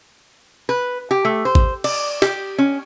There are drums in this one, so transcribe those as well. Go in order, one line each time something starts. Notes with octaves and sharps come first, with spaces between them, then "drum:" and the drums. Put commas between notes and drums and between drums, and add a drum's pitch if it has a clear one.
B4
G4
A3
C5
drum: kick G#1
D5, drum: cymbal
G4, drum: snare
C#4